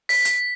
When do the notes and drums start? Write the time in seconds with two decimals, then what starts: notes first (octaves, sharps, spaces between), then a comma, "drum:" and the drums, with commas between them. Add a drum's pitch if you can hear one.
0.09 B6, drum: open hi-hat
0.25 drum: hi-hat